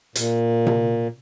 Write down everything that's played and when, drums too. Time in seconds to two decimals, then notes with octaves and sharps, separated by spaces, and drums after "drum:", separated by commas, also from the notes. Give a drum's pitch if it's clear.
0.15 A#2, drum: hi-hat
0.66 drum: tom C3